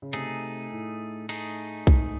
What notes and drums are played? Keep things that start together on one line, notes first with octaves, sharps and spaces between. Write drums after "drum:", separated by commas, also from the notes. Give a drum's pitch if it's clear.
C#3
C3 A3 D#4 G#4, drum: hi-hat
A2
A3 D#4 G#4, drum: cymbal
G#2, drum: kick B1